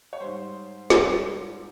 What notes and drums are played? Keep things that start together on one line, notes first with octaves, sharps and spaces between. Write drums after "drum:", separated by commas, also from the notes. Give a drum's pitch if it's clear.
C#5
G#2 G3 C5
G#2 G3, drum: snare